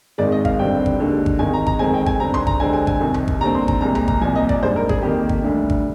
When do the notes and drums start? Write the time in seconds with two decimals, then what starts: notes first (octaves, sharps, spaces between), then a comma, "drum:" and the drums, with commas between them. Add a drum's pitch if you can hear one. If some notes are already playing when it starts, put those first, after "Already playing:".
0.18 G#1 G#2 D#3 G#3 D5
0.32 D#5
0.45 F5, drum: kick G#1
0.59 G#1 G2 D3 G3 C4 G5
0.86 drum: kick G#1
1.00 D#2 D3 G#3
1.26 drum: kick G#1
1.39 G#1 G#2 D#3 G#3 G#5
1.54 A#5
1.66 A#5, drum: kick G#1
1.79 F2 D#3 G#3 C4 G#5
1.94 G5
2.06 G#5, drum: kick G#1
2.20 G2 D3 G3 C4 A#5
2.34 C6, drum: tom C2
2.47 A#5, drum: kick G#1
2.60 F2 D3 G#3 C4 G#5
2.73 G#5
2.87 G#5, drum: kick G#1
3.01 C2 C3 D#3
3.14 drum: tom C2
3.28 drum: kick G#1
3.41 D#2 D3 G3 C4 A#5
3.55 C6
3.68 A#5, drum: kick G#1
3.81 C2 A#2 G#3 A#5
3.95 A#5, drum: tom C2
4.08 A#5, drum: kick G#1
4.21 C2 A#2 F3 G#5
4.36 D#5
4.49 D5, drum: kick G#1
4.63 A#1 G#2 G3 C5
4.76 A#4
4.89 G#4, drum: kick G#1
5.02 F2 D#3 A#3 G4
5.29 drum: kick G#1
5.43 D2 D3 G3
5.70 drum: kick G#1